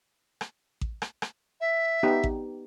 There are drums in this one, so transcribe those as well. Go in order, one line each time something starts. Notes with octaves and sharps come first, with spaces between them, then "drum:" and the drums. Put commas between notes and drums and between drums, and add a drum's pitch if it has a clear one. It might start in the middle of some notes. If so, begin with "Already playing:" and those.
drum: rim click
drum: kick A1
drum: rim click
drum: rim click
E5
B3 D#4 G4
drum: kick A1